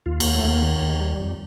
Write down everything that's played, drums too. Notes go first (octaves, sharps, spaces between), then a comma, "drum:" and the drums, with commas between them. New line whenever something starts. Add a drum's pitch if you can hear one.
D#2 F4
D#2 A#3, drum: cymbal
A3
D#2 A#3
D#3
D#2
G3
F2